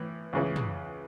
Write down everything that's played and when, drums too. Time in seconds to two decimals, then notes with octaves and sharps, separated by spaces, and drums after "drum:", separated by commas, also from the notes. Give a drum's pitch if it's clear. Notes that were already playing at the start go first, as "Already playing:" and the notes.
Already playing: A2 E3
0.33 C#2 C#3 E3
0.56 drum: tom